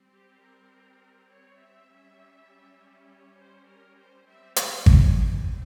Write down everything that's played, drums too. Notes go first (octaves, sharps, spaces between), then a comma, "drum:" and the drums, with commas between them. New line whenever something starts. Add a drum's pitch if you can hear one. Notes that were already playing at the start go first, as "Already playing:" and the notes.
Already playing: G3 C4
G4
A#4
C#5
E5
G3 C#4
C#5
C5
A#4
C5
G3 C4 E5
F5, drum: hi-hat
G#5, drum: kick G#1